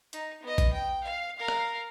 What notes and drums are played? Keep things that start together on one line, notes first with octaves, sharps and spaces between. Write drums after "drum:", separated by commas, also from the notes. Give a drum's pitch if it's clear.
D#4, drum: hi-hat
B3 D#5
drum: kick, hi-hat
G5
F5
A#4 F5
drum: rim click